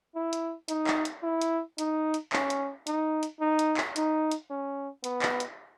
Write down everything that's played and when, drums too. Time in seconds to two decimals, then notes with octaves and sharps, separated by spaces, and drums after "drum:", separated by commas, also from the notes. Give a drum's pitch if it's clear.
0.15 E4
0.33 drum: hi-hat
0.68 D#4, drum: hi-hat
0.87 drum: clap
1.05 drum: hi-hat
1.23 E4
1.42 drum: hi-hat
1.78 D#4, drum: hi-hat
2.14 drum: hi-hat
2.33 C#4, drum: clap
2.50 drum: hi-hat
2.87 D#4, drum: hi-hat
3.23 drum: hi-hat
3.40 D#4
3.59 drum: hi-hat
3.77 drum: clap
3.96 D#4, drum: hi-hat
4.31 drum: hi-hat
4.50 C#4
5.04 B3, drum: hi-hat
5.22 drum: clap
5.40 drum: hi-hat